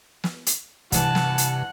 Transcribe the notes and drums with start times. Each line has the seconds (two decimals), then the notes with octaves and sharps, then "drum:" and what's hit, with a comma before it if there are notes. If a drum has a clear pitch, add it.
0.24 drum: snare
0.46 drum: hi-hat
0.92 G2 C3 E3 F#5 A5, drum: kick, hi-hat
1.15 drum: snare
1.38 drum: hi-hat